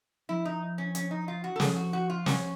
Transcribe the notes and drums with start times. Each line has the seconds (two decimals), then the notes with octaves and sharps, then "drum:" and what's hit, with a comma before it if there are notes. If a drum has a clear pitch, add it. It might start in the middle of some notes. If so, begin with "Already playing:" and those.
0.29 F3 E4
0.45 D#4
0.78 C#4
0.95 C#4, drum: hi-hat
1.11 D#4
1.28 F4
1.44 F#4
1.56 A4
1.60 F3 G#4, drum: snare
1.76 F#4
1.93 F#4
2.10 F4
2.26 C#4, drum: snare